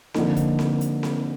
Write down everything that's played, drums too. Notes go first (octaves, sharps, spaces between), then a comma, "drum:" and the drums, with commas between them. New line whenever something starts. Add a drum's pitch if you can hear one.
D3 F3 A#3 D#4, drum: snare C4
drum: kick, hi-hat
drum: snare C4
drum: hi-hat
drum: snare C4